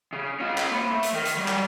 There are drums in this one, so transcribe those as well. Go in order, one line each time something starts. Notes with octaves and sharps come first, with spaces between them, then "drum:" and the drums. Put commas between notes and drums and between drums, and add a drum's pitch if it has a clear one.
C#3
C#4 F4
drum: clap
A#3 B5
A3
drum: hi-hat
D#3 A#4
drum: hi-hat
F#3 G3
drum: clap